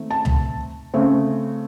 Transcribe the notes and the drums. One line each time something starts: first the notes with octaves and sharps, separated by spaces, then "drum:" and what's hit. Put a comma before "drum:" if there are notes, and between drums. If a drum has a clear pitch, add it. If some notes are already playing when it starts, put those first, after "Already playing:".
Already playing: D#3 A3 C4
A5
drum: tom C#2
C#3 A3 C4